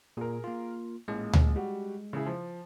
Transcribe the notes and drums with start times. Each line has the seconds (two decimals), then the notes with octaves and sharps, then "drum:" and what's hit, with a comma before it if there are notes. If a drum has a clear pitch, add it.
0.17 A#2 G#4 A#4
0.44 A#3 F4
1.08 A1 A#2 G#3
1.33 drum: tom D2
1.56 G3 F#4
2.13 C#3 E4 G#4
2.26 F3